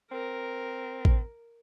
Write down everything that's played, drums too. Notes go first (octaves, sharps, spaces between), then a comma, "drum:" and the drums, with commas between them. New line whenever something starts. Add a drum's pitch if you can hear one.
C4 A#4
drum: kick A1